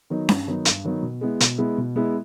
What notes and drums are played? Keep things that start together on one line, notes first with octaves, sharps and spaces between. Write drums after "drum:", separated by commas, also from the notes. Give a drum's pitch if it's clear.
D#3 F#3 B3 D#4
G2, drum: snare C#4
D#3 F#3 B3 D#4
G2, drum: hi-hat
D#3 F#3 B3 D#4
B2
G#3 B3 E4
B2, drum: hi-hat
G#3 B3 E4
B2
G#3 B3 E4